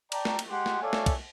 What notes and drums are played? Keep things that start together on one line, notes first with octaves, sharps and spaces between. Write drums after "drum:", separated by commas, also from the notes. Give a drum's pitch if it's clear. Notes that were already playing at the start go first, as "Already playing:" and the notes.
D5 G5 A5 A#5, drum: cymbal
drum: snare
drum: cymbal
G#3 G4 F#5 G#5 C6
drum: snare
A4 C#5 D5 E5 F5 G#5
drum: snare
drum: kick, cymbal